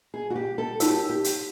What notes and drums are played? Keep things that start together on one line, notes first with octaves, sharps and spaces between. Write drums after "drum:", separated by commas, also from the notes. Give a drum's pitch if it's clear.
G#4
F#4
G4
A4
D#4 F#4 G4 A#4 C#5, drum: hi-hat
G4
drum: hi-hat